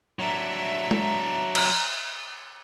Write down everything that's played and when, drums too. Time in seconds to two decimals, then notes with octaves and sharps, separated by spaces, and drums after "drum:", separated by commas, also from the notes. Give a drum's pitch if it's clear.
0.19 F#3 D4 E5 A#5
0.91 drum: tom
1.55 drum: cymbal